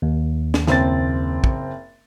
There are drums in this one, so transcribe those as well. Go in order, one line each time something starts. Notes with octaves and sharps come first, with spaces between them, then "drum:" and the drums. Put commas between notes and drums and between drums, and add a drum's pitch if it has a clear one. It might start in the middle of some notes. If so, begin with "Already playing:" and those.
D#2
drum: snare
F#1 C4 A6, drum: snare
drum: kick